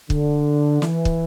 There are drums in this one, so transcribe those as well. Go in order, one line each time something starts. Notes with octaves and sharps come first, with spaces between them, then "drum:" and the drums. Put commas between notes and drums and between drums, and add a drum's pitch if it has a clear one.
D3, drum: kick
E3, drum: snare
drum: kick